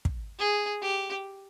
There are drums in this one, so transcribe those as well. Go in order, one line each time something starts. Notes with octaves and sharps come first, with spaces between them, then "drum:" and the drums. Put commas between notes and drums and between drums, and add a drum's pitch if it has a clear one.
drum: kick
G#4
G4